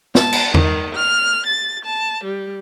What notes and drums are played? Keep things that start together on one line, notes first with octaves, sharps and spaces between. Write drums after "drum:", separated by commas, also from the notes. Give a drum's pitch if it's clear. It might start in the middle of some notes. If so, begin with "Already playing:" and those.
A5, drum: snare
drum: cymbal
D#3, drum: tom E2
F6
A6
A5
G3